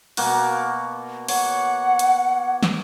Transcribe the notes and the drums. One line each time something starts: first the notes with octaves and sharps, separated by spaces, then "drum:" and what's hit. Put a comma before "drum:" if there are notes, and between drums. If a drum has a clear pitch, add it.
B2 A#3 F#4, drum: open hi-hat
C#5 F#5, drum: open hi-hat
drum: hi-hat
drum: snare